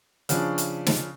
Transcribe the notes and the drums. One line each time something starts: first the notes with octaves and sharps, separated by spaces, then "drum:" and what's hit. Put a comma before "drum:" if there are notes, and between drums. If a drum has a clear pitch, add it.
C#3 F3 C#4 D4, drum: hi-hat
drum: hi-hat
drum: snare